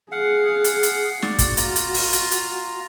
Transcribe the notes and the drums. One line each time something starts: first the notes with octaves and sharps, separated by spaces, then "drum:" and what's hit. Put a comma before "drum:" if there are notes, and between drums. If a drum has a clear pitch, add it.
G#4 F5 F#5
drum: hi-hat
drum: hi-hat
F#4 D5, drum: snare
drum: kick, hi-hat
F4 A#5, drum: hi-hat
drum: hi-hat
drum: open hi-hat
drum: hi-hat
drum: hi-hat